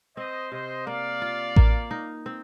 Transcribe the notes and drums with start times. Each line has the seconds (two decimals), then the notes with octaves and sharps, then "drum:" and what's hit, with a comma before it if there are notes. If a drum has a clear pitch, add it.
0.16 C4 C5 D#5
0.51 C3 C5 D#5
0.86 A#3 D5 F5
1.22 F4
1.56 A#3, drum: kick A1
1.91 D#4
2.26 C4